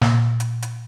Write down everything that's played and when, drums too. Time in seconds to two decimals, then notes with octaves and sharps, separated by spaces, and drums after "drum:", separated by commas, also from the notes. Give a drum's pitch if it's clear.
0.02 A#2, drum: snare
0.40 drum: hi-hat
0.62 drum: hi-hat